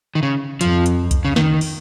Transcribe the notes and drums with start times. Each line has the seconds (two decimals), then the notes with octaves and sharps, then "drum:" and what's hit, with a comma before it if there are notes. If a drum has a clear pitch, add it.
0.15 D#3
0.23 C#3
0.61 F2 F3, drum: hi-hat
0.86 drum: hi-hat
1.11 drum: kick C2, hi-hat
1.25 C#3
1.36 D#3, drum: snare
1.61 drum: open hi-hat